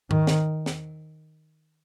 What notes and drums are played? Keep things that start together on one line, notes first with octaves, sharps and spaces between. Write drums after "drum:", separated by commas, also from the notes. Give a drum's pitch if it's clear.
D#3, drum: tom G#2
drum: snare
drum: snare